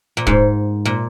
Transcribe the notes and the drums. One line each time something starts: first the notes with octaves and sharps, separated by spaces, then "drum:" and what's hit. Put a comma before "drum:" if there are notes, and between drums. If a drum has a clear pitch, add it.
A#2
G#2, drum: kick
A#2